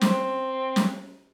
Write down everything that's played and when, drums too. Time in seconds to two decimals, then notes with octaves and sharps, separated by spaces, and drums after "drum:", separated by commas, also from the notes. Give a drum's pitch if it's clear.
0.01 C4, drum: snare
0.76 drum: snare